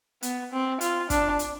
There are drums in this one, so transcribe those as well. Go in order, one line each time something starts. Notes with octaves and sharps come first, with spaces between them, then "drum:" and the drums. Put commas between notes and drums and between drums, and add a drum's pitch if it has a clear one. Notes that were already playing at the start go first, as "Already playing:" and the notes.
B3, drum: hi-hat
C4
F4, drum: hi-hat
D4, drum: kick, hi-hat
drum: hi-hat